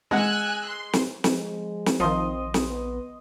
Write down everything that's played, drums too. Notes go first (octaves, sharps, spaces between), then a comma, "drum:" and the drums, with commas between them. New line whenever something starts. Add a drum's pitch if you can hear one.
G#3 F#5 G#5 E6 F#6
C6
drum: snare
F3 G#3, drum: snare
drum: snare
A#1 D#3 F3 C4 D#5 C6
drum: snare
B3